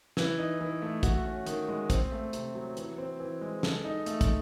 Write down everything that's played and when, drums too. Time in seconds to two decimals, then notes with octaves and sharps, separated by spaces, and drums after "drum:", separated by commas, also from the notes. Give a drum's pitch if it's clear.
0.17 E3, drum: snare
0.39 D#4
0.61 E3
0.82 A3
1.03 F#4, drum: kick, hi-hat
1.25 C#4
1.47 D#3, drum: hi-hat
1.69 G#3
1.90 C4, drum: kick, hi-hat
2.11 A3
2.33 C3, drum: hi-hat
2.55 F#3
2.77 E3, drum: hi-hat
2.98 C4
3.20 E3
3.41 G#3
3.63 A4, drum: snare
3.85 D#4
4.06 A3, drum: hi-hat
4.21 drum: kick, hi-hat